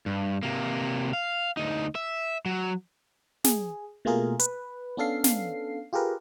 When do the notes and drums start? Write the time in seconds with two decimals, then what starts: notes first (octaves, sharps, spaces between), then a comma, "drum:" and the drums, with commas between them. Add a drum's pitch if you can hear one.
0.06 G2
0.43 C3 A#3
1.13 F5
1.57 D2 D#4
1.95 E5
2.46 F#3
3.44 G#4, drum: snare
4.05 B2 A3 A#3 F4 G#4 A#4
4.39 B4, drum: hi-hat
4.97 B3 C#4 D4 A4 F5 C7
5.24 drum: snare
5.93 F4 G4 G#4 A#4 B4